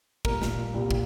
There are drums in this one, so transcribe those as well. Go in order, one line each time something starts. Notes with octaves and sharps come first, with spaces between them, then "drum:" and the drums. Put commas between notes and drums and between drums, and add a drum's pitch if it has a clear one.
A#2 G3 A#3 A#4, drum: kick
drum: snare
C2 A#2 G3
drum: kick